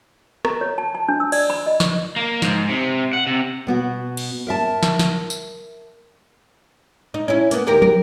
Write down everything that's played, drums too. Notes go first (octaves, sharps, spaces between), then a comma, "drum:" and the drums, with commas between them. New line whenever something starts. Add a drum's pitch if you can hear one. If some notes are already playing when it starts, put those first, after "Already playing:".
A#5, drum: rim click
C#5
A5
A5
D4
E6
D5, drum: cymbal
B5
D#5
C#6, drum: snare
A#3
G#2, drum: snare
C3
F#5
C3
B2 B3 F#4
drum: cymbal
A#4 E5 A5
drum: snare
drum: snare
drum: tambourine
D#4
C#4 E4
A#3 B3, drum: hi-hat
D#2 G4 A#4
A#4, drum: tom